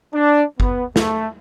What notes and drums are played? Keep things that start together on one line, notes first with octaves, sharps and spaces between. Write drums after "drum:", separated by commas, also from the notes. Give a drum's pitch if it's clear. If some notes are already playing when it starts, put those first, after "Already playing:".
D4
B3, drum: kick G1
A3, drum: snare